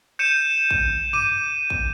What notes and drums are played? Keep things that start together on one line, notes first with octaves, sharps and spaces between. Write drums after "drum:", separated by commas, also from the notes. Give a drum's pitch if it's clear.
G6 C#7 D#7 E7
drum: kick A1
D6 D#7, drum: tom F#2
drum: kick A1